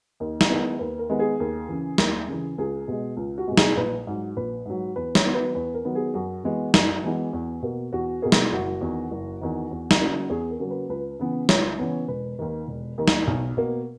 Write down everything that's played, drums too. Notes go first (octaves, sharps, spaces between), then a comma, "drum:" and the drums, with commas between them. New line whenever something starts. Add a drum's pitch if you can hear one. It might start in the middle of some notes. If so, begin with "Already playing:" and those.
D#2 D#4
E4, drum: snare
D#3 G#3 B3
E4
D#2 B4
A#4
D#3 G#3 B3
G#4
D#2
C#3 E3
D#2, drum: snare
C#3 E3
C#2 G#4
B2 G#3
C#2
F#4
B2 G#3
G#4, drum: snare
A#1 B4
G#2 F#3
A#1 B4
G#2 F#3
E2 B4
C#5, drum: snare
D#3 F#3 B3
B4
E2 B4
A#4
D#3 F#3 B3
G#4
F#2 F#4
E3 G#3 B3
F#2, drum: snare
E3 G#3 B3
E2
B2 A#3
E2 F#4
B2 A#3 G#4
drum: snare
F#1 F#4
E2 D#3
F#1
E2 D#3
E2
drum: snare
C#3 F#3 A#3
E2 G#4
A#4
C#3 F#3 A#3
B4
C#2 B4
C#3 E3 B3
C#2 C#5, drum: snare
C#3 E3 B3
E1 B4
D#2 D#3
E1
D#2 D#3
drum: snare
B1
B2 A#3